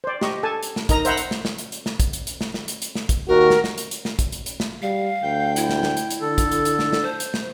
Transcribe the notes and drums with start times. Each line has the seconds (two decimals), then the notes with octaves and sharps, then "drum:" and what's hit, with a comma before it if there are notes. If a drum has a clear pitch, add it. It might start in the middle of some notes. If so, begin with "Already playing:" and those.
0.04 C5 D5
0.21 G4 D#5 C#6, drum: snare
0.43 A4 G#5 A5
0.63 drum: hi-hat
0.76 drum: snare
0.89 D#4 A#4 D#5 A#5, drum: kick, hi-hat
1.05 C5 E5 F#5 A#5 B5, drum: hi-hat
1.17 drum: hi-hat
1.31 drum: snare
1.45 drum: snare
1.58 drum: hi-hat
1.72 drum: hi-hat
1.86 drum: snare
2.00 drum: kick, hi-hat
2.13 drum: hi-hat
2.27 drum: hi-hat
2.41 drum: snare
2.54 drum: snare
2.68 drum: hi-hat
2.82 drum: hi-hat
2.95 drum: snare
3.09 drum: kick, hi-hat
3.28 D#2 F#4 A#4
3.50 drum: snare
3.64 drum: snare
3.78 drum: hi-hat
3.91 drum: hi-hat
4.05 drum: snare
4.19 drum: kick, hi-hat
4.32 drum: hi-hat
4.46 drum: hi-hat
4.60 drum: snare
4.82 G3 F5
5.23 D2 G5 G6
5.56 E4, drum: hi-hat
5.69 drum: snare
5.83 drum: snare
5.97 drum: hi-hat
6.10 drum: hi-hat
6.21 D3 A4
6.38 drum: kick, hi-hat
6.52 drum: hi-hat
6.65 drum: hi-hat
6.79 drum: snare
6.93 drum: snare
7.02 C5
7.20 drum: hi-hat
7.34 drum: snare